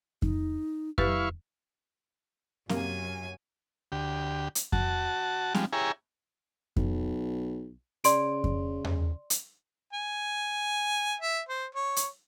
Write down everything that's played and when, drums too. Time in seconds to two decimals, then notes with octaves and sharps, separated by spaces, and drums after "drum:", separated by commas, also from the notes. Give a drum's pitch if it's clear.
0.22 D#4, drum: kick F2
0.98 F#3 E4 G4 B4 F5 C#6, drum: kick F2
2.69 F#2 C3 A#3 G#5, drum: snare C4
3.92 D2 G4
4.55 drum: hi-hat
4.72 F#4 A5, drum: kick F2
5.54 F3 G3 G#3, drum: snare C4
5.73 E4 G4 G#4 C#5 G#5 A#5
6.76 B1, drum: kick F2
8.04 C#3 D5 C6 D7, drum: hi-hat
8.44 drum: kick F2
8.84 drum: tom E2
9.30 drum: hi-hat
9.93 G#5
11.20 E5
11.49 C5
11.75 C#5
11.96 drum: hi-hat